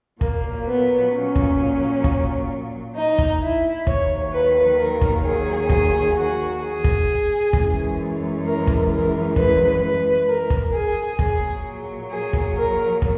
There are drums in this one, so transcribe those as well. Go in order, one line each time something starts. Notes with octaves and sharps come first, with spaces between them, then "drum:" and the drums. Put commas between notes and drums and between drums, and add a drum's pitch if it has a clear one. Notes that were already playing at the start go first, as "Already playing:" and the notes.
A#2 F#3 A#3, drum: kick
B3
C#4
drum: kick
drum: kick
D#4
drum: kick
E4
D#2 D#3 F#3 C#5, drum: kick
B4
A#4
drum: kick
G#4
G#4, drum: kick
F#4
G#4
drum: kick
F#2 E3 G#3, drum: kick
A#4
drum: kick
A#4
B4, drum: kick
B4
A#4
drum: kick
G#4
A#2 F#3 G#4, drum: kick
G#4
drum: kick
A#4
drum: kick